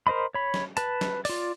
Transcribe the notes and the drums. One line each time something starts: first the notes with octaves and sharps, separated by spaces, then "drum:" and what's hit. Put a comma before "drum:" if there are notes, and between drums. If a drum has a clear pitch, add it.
A#4 C5 D#5 B5
C#5 B5
drum: snare
B4 A5, drum: hi-hat
drum: snare
F4 D5, drum: open hi-hat